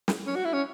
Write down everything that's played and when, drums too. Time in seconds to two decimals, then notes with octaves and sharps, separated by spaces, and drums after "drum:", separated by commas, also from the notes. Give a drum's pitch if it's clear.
0.08 drum: snare
0.27 C#4
0.36 F#4
0.44 E4
0.53 C#4